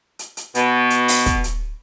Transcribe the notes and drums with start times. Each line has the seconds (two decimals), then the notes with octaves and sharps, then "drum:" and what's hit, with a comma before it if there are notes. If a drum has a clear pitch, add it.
0.19 drum: hi-hat
0.37 drum: hi-hat
0.55 B2, drum: hi-hat
0.90 drum: hi-hat
1.08 drum: open hi-hat
1.26 drum: kick, hi-hat
1.44 drum: hi-hat